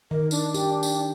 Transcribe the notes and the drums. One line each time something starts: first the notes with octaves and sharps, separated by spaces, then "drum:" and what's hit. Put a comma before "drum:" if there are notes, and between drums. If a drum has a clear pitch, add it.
D#3 A#4
D4, drum: tambourine
G4, drum: tambourine
drum: tambourine